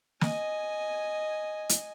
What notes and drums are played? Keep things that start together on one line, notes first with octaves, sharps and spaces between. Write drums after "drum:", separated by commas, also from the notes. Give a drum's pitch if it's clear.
D#5 G#5, drum: snare
drum: hi-hat